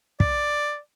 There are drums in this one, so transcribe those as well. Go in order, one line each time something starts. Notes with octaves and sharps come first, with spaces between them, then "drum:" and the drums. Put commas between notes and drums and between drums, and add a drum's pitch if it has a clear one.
D5, drum: kick